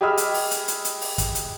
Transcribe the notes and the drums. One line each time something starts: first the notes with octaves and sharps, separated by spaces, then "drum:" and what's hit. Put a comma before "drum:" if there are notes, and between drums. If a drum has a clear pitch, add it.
G4 G#4 D#5 B5 E6 F6
drum: hi-hat
drum: open hi-hat
drum: hi-hat
drum: hi-hat
drum: hi-hat
drum: open hi-hat
drum: kick, hi-hat
drum: hi-hat